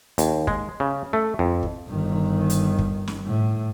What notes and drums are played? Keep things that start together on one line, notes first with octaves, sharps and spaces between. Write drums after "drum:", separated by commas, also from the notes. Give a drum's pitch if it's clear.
D#2, drum: hi-hat
G#3, drum: kick
C#3
A3
F2
drum: kick
G1 D#3
drum: hi-hat
drum: kick
drum: snare
A2